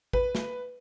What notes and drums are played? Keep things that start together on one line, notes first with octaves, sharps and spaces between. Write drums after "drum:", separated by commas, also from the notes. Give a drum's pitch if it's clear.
B4, drum: kick
drum: snare